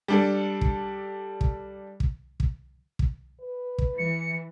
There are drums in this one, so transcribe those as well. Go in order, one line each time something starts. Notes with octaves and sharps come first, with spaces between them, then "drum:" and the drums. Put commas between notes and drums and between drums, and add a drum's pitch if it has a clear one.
G3 D4 A4
drum: kick
drum: kick
drum: kick
drum: kick
drum: kick
B4
drum: kick
E3 C#7